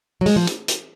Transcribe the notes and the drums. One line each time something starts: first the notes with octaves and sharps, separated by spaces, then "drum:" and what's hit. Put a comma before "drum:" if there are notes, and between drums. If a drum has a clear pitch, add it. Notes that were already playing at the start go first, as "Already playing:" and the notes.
F#3
G#3, drum: open hi-hat
F3
drum: hi-hat
drum: hi-hat